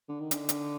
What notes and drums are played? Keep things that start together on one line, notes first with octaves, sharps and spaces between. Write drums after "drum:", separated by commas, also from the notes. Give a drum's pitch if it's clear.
D3
D#3
D3, drum: hi-hat
drum: hi-hat